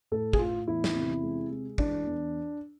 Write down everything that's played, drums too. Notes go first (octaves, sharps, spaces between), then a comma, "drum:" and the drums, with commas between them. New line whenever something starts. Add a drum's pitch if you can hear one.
A2 A4
G#4, drum: kick
A2 F4
E2 E4
drum: snare
C3
G#3
G#3
E3 D4, drum: kick
E2